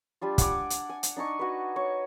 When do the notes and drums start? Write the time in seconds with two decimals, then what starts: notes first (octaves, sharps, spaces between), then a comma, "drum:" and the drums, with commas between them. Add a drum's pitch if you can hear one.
0.21 G3 D4 F4
0.38 F#5 G#5 D6, drum: kick, hi-hat
0.70 drum: hi-hat
0.89 G#5
1.03 drum: hi-hat
1.17 D4 D#4 G#5 C#6
1.39 F#4 B4
1.76 C#5